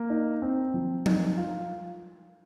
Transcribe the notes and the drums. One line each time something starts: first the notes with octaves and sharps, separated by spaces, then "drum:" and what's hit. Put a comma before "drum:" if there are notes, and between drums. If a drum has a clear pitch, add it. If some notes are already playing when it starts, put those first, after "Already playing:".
Already playing: A#3
D#4
C4
F3
D#4, drum: tom F3
F4